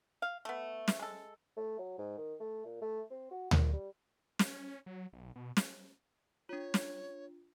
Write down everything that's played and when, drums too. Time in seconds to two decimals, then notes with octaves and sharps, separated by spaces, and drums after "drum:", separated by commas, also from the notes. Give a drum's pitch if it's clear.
0.22 F5
0.45 A3 B3
0.88 drum: snare
0.99 G#3 A4
1.57 A3
1.78 F#3
1.98 G#2
2.17 D#3
2.40 A3
2.65 A#2
2.81 A3
3.10 C4
3.31 F#4
3.51 A#2, drum: tom D2
3.73 G3
4.39 C#4, drum: snare
4.86 F#3
5.13 B1
5.36 B2
5.57 drum: snare
6.49 D4 F4 C#5
6.74 drum: snare